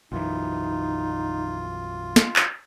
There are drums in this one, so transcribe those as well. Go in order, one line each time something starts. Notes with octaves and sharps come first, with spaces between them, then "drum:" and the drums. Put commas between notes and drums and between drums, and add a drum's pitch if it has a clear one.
B1 F#2 E3 D#4 F4
drum: snare
drum: clap